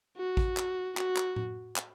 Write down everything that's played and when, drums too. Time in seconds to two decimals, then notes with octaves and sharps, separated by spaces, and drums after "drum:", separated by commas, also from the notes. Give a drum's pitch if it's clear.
0.17 F#4
0.37 drum: kick A1
0.57 drum: clap
0.97 F#4, drum: clap
1.17 drum: clap
1.36 drum: tom A2
1.76 drum: clap